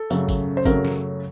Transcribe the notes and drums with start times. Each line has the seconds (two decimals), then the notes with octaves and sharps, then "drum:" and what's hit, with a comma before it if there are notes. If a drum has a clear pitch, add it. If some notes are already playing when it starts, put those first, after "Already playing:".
Already playing: A4
0.10 F#2 C#3 F#3 A3, drum: tambourine
0.29 drum: kick, tambourine
0.57 C5
0.65 F#2 C#3 F#3 A3 A#4, drum: kick, tambourine
0.85 drum: snare